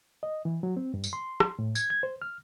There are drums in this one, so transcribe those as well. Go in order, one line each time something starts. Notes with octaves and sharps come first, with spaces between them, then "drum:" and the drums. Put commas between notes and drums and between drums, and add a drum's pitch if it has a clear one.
D#5
E3
F#3
C4
G2
drum: tambourine
C6
drum: rim click
A2
G#6, drum: tambourine
G#6
C5
F6